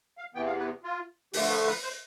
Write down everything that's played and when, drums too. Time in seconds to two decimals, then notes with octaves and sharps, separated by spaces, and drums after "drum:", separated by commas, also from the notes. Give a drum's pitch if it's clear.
0.18 F5
0.34 E2 C3 E3 B3 G5
0.47 F5
0.59 B4
0.84 F4
1.33 D3 F3 A3 G4, drum: open hi-hat
1.50 B4
1.67 B4
1.83 C5